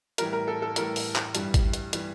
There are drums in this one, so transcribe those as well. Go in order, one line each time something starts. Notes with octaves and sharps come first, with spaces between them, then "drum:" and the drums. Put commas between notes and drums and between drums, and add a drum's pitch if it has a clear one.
A2 E3 G3 A#4, drum: hi-hat
A#4
A4
A4
A2 E3 G3 A#4, drum: hi-hat
drum: open hi-hat
drum: clap
G2 E3 G3, drum: hi-hat
drum: kick G#1, hi-hat
drum: hi-hat
E3 G3, drum: hi-hat